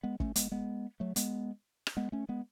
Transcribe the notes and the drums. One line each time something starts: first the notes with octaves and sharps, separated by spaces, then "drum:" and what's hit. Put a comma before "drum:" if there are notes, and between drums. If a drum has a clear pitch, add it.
G#3 B3
A3 C#4, drum: kick
G#3 B3, drum: hi-hat
G#3 B3
F#3 A3
G#3 B3, drum: hi-hat
drum: rim click
G#3 B3
A3 C#4
G#3 B3